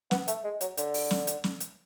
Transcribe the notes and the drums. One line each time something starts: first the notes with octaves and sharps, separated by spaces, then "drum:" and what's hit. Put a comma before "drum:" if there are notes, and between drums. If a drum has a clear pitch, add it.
B3, drum: snare
A3, drum: hi-hat
G#3
F#3, drum: hi-hat
D3, drum: hi-hat
drum: open hi-hat
drum: snare
drum: hi-hat
drum: snare
drum: hi-hat